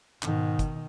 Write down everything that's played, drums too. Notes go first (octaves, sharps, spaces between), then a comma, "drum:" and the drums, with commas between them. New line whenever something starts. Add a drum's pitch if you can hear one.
G#2 B2 D#3, drum: clap
drum: kick, hi-hat